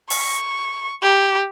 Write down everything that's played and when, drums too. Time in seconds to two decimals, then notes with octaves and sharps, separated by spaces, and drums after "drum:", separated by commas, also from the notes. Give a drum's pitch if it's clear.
0.10 C#6, drum: open hi-hat
1.02 G4